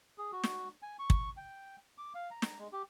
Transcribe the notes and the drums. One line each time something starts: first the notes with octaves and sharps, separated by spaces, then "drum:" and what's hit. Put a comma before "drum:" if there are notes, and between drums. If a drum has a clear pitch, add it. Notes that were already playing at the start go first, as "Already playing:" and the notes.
G#4
F#4
drum: snare
G#5
C#6
drum: kick
G5
D6
F5
A#5
drum: snare
G#3
G4